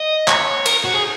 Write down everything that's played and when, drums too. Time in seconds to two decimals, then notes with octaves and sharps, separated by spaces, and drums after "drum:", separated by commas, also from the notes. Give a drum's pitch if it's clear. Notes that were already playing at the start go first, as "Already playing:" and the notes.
Already playing: D#5
0.28 C#5, drum: clap
0.66 A#4, drum: cymbal
0.85 F#4
0.94 G#4